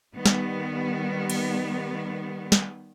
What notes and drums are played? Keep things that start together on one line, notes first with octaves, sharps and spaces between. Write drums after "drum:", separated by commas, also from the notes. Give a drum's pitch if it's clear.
D#3 G3 B3
drum: snare
drum: cymbal
drum: snare